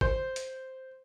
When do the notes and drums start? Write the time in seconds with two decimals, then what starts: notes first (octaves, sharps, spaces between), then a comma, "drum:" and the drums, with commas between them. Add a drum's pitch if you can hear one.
0.01 C5, drum: kick G#1
0.36 drum: hi-hat